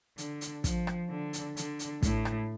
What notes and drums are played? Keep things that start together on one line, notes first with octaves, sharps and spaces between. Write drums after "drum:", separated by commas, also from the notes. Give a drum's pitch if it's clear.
D3, drum: hi-hat
drum: hi-hat
F3, drum: kick, hi-hat
drum: rim click
D3
drum: hi-hat
D3, drum: hi-hat
drum: hi-hat
A2, drum: kick, hi-hat
drum: rim click